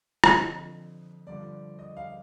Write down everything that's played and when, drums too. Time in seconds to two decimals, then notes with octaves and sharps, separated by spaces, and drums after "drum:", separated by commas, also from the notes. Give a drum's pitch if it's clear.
0.24 F2 D3 F3 D#5, drum: rim click
1.27 G2 D3 F3 D5
1.79 D#5
1.97 F5